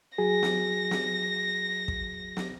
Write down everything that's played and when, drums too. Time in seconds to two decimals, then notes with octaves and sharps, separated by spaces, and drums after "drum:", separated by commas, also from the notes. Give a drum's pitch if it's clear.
0.18 F#3 F#4 G#4 A#6
0.43 drum: snare
0.91 drum: snare
1.88 drum: kick
2.37 drum: snare